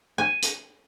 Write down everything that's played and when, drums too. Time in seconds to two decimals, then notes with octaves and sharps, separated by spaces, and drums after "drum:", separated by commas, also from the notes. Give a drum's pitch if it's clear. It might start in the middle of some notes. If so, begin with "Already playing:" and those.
0.18 G#5
0.42 drum: hi-hat